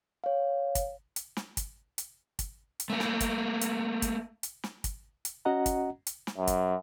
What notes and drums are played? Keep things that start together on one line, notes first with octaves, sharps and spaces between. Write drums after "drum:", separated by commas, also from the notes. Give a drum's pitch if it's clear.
C#5 F5
drum: kick, hi-hat
drum: hi-hat
drum: snare
drum: kick, hi-hat
drum: hi-hat
drum: kick, hi-hat
drum: hi-hat
A3 A#3
drum: snare
drum: kick, hi-hat
drum: hi-hat
drum: kick, hi-hat
drum: hi-hat
drum: snare
drum: kick, hi-hat
drum: hi-hat
C#4 F#4 D#5 F#5 A#5
drum: kick, hi-hat
drum: hi-hat
drum: snare
F#2
drum: kick, hi-hat